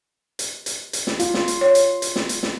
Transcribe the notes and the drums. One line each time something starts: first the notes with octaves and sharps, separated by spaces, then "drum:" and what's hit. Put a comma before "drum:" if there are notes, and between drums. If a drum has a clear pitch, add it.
drum: hi-hat
drum: hi-hat
drum: hi-hat
drum: snare
F4, drum: hi-hat
drum: snare
drum: hi-hat
C#5
drum: hi-hat
drum: hi-hat
drum: snare
drum: hi-hat
drum: snare